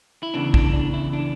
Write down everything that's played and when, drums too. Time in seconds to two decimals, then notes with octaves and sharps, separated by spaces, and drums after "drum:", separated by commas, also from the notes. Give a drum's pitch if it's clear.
0.23 E4
0.34 E2 C#3 E3 D4
0.54 D4, drum: kick
0.73 D4
0.93 E4
1.13 D4